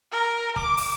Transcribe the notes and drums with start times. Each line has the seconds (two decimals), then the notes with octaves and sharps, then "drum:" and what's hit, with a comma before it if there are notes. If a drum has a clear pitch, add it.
0.12 A#4
0.56 D6, drum: kick
0.77 drum: open hi-hat